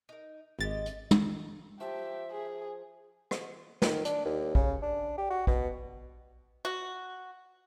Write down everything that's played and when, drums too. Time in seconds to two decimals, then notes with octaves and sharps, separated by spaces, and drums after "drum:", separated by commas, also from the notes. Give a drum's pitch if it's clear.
0.09 D#4 A#4
0.59 G#1 G#3 G4 D#5 A6
0.86 drum: hi-hat
1.11 drum: tom
1.80 F3 G4 E5 A5
2.32 G#4
3.31 drum: rim click
3.82 D#3, drum: snare
4.05 D4, drum: hi-hat
4.25 D#2
4.55 C#3, drum: kick A#1
4.82 D4
5.17 G4
5.30 F#4
5.47 B2, drum: kick A#1
6.65 F#4